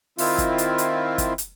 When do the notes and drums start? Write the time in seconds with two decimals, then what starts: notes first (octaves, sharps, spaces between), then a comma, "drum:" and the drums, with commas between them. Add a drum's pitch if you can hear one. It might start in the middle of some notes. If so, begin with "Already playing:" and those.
0.18 D#3 C4 E4 F4, drum: open hi-hat
0.38 drum: kick, hi-hat
0.58 drum: hi-hat
0.78 drum: hi-hat
1.18 drum: kick, hi-hat
1.38 drum: hi-hat